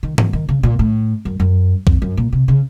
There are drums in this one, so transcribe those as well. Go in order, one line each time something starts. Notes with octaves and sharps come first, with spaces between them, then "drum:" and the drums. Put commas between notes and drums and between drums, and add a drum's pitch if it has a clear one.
D#3
F3, drum: tom G#2
D#3
C#3
A#2
A2
F#2
F#2
F2, drum: kick A#1
F#2
A#2
C3
C#3